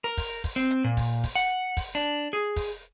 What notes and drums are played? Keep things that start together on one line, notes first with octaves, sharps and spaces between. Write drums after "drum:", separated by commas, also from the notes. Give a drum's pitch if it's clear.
A#4
drum: kick, open hi-hat
drum: kick, open hi-hat
C4
drum: hi-hat
A#2
drum: kick, open hi-hat
drum: kick, open hi-hat
F#5
drum: kick, open hi-hat
D4
G#4
drum: kick, open hi-hat